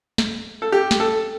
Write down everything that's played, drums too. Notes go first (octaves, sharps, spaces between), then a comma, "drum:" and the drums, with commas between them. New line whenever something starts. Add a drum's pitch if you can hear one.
drum: snare
A4
G4
drum: snare
A4